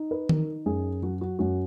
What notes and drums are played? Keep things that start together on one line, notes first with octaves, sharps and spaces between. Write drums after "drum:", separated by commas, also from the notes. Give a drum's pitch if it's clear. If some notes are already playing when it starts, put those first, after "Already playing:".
Already playing: D#4
B4
D#4 A#4, drum: tom D#3
F#2 G#4
F#3 F#4
F#4
F#2 F#4